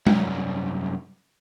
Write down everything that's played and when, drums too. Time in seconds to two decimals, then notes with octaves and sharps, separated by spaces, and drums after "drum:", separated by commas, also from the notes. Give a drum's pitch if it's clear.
0.07 C2 F#2, drum: tom G#3